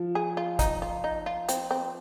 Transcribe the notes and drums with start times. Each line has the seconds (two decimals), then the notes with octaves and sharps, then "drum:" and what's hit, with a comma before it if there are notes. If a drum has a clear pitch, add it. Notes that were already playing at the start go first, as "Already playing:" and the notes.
Already playing: F3
0.15 G#4
0.37 F4
0.59 D#4, drum: kick, hi-hat
0.82 F4
1.04 D#4
1.26 F4
1.49 C4, drum: hi-hat
1.71 C4